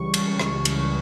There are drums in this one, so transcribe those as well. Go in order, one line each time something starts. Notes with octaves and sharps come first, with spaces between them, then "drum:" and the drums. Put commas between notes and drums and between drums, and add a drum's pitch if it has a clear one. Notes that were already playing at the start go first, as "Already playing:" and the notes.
Already playing: C#2 C#3 E3 G3 C#6
drum: cymbal
drum: rim click
drum: cymbal